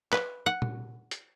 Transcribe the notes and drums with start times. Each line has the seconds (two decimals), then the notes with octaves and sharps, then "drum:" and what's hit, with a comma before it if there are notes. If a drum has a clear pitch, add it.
0.12 B4, drum: clap
0.46 F#5
0.62 drum: tom A#2
1.11 drum: hi-hat